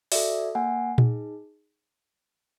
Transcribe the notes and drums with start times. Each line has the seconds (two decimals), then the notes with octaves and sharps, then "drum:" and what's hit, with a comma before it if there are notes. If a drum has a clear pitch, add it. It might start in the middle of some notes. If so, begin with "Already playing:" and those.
0.12 F#4 A4 D5 E5, drum: open hi-hat
0.55 A#3 F#5 G#5
0.98 D#4 G#4, drum: tom A#2